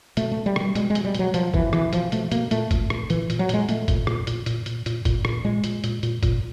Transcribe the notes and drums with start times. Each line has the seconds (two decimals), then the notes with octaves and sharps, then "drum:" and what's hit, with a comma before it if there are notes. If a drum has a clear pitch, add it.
0.17 B2 A3, drum: hi-hat
0.32 B2 A3
0.46 G3
0.56 B2 G3, drum: rim click
0.75 B2 G#3, drum: hi-hat
0.90 G#3
0.95 B2, drum: hi-hat
1.05 G3
1.15 B2 F#3, drum: hi-hat
1.34 B2 F3, drum: hi-hat
1.54 B2 E3, drum: kick G1
1.73 B2 E3, drum: rim click
1.93 B2 F3, drum: hi-hat
2.12 B2 A3, drum: hi-hat
2.31 B2 A#3, drum: hi-hat
2.51 A#2 A3, drum: hi-hat
2.71 A#2, drum: kick G1, hi-hat
2.90 A#2, drum: rim click
3.10 A#2 E3, drum: hi-hat
3.30 A#2, drum: hi-hat
3.39 F#3
3.49 A#2 G#3, drum: hi-hat
3.69 A#2 A3, drum: hi-hat
3.88 A#2, drum: kick G1, hi-hat
4.07 A#2, drum: rim click
4.27 A#2, drum: hi-hat
4.46 A#2, drum: hi-hat
4.66 A#2, drum: hi-hat
4.86 A#2, drum: hi-hat
5.05 A#2, drum: kick G1, hi-hat
5.25 A#2, drum: rim click
5.44 A#2 G#3
5.64 A#2, drum: hi-hat
5.84 A#2, drum: hi-hat
6.03 A#2, drum: hi-hat
6.23 A#2, drum: kick G1, hi-hat